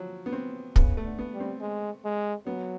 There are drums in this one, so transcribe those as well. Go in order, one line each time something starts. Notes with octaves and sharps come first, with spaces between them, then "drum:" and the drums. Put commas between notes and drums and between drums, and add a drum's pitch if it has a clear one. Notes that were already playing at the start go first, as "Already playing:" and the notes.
Already playing: F3 F#3
B3
C4
C#3 B3, drum: kick
A3
D3
B3
G3
C4
G#3
G#3
F#3 B3